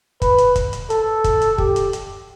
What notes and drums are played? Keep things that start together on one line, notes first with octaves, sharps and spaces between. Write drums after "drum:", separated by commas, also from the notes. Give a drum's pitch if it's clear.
B4, drum: kick, hi-hat
drum: hi-hat
drum: kick, hi-hat
drum: hi-hat
A4, drum: hi-hat
drum: kick, hi-hat
drum: hi-hat
G4, drum: kick
drum: hi-hat
drum: hi-hat